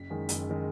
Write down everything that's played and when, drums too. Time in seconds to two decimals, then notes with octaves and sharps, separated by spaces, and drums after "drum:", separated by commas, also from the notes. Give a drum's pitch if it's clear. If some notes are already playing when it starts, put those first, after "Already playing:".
Already playing: F#1 B6
0.10 F#2 D#3 G#3
0.29 F#1, drum: hi-hat
0.49 D#3 G#3